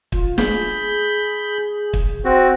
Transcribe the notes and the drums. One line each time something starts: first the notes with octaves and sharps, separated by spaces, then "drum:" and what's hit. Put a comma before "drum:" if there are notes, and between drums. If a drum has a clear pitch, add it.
F4, drum: kick
G#4 B5 G6, drum: snare
drum: kick
C4 F#4